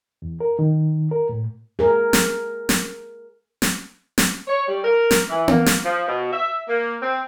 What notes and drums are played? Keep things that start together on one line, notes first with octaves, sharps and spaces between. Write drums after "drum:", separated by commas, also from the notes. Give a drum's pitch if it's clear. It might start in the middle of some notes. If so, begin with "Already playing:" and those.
E2
A#4
D#3
A#4
A2
G#4 A#4
drum: snare
drum: snare
drum: snare
drum: snare
C#5
G3
A#4
drum: snare
E3
A#3, drum: tom B3
drum: snare
F3
B2
E5
A#3
C4